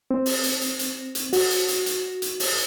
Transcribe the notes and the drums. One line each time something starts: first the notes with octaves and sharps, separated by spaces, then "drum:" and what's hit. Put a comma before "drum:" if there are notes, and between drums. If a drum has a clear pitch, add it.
C4
drum: open hi-hat
drum: hi-hat
drum: hi-hat
drum: hi-hat
drum: hi-hat
F#4, drum: open hi-hat
drum: hi-hat
drum: hi-hat
drum: hi-hat
drum: hi-hat
drum: open hi-hat